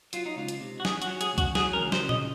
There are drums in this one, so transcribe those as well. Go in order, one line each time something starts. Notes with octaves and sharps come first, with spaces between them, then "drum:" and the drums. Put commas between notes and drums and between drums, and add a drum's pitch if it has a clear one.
F#3 F4, drum: hi-hat
D#4
C#2 F4
drum: hi-hat
C3
F#4
C#4 G#4, drum: snare
F#4, drum: hi-hat
F#3
G#4, drum: hi-hat
C#2
F#4, drum: kick C2, hi-hat
F#3 G#4, drum: snare
A#4, drum: tom E3
C#2
C5, drum: snare
C#3
D#5, drum: tom A#2